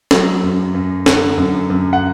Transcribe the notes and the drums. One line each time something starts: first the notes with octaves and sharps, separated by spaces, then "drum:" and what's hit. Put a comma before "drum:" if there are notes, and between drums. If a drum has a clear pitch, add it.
F#3, drum: snare
F#2
F#2
D3, drum: snare
F#2
F#2
F#5